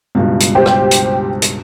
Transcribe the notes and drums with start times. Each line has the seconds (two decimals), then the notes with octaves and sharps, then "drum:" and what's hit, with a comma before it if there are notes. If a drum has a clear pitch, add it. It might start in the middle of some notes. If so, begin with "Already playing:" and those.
0.15 C#2 G2 B2
0.40 drum: hi-hat
0.55 G4 C5
0.66 drum: rim click
0.91 drum: hi-hat
1.42 drum: hi-hat